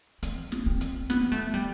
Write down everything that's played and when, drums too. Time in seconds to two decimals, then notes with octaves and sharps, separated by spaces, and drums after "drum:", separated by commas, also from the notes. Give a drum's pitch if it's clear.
0.23 C4, drum: hi-hat
0.52 drum: snare
0.66 C4
0.81 drum: hi-hat
1.10 B3, drum: snare
1.32 A3
1.54 G3